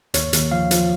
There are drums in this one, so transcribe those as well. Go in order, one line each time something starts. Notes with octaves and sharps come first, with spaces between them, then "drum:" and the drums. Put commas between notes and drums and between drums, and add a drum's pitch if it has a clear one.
D#2 C#5, drum: hi-hat
D#2, drum: hi-hat
F3 F5
F3, drum: hi-hat